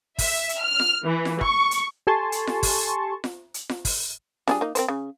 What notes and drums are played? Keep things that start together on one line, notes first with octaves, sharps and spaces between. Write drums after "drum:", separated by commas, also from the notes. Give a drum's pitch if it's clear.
E5, drum: kick, open hi-hat
drum: hi-hat
F6
drum: snare F4
E3
drum: snare F4
C#6, drum: kick
drum: hi-hat
G4 A4 G#5 A5 C6 C#6
drum: hi-hat
drum: snare F4
drum: kick, open hi-hat
drum: snare F4
drum: hi-hat
drum: snare F4
drum: kick, open hi-hat
G3 D4 G#4, drum: snare F4
A#3 D#4
C4 A#4 C5, drum: hi-hat
C#3